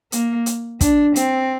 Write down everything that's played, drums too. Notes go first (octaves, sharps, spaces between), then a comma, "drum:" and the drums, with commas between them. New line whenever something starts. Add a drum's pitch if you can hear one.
A#3, drum: hi-hat
drum: hi-hat
D4, drum: kick, hi-hat
C4, drum: hi-hat